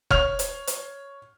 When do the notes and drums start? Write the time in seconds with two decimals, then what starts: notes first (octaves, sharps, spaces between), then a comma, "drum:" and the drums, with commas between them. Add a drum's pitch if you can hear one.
0.10 C#5 F6 F7, drum: kick F1
0.39 drum: hi-hat
0.67 drum: hi-hat